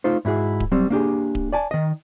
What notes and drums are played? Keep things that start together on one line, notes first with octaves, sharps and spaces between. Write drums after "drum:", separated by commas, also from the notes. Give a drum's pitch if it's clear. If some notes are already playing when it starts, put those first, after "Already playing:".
A3 D#4 F4 C5
G#2 E4 F#4 G#4
drum: kick D1
F#3 G3 C4
A#3 D4 G4 G#4
drum: kick D1
D5 G#5 A5
D#3 D#5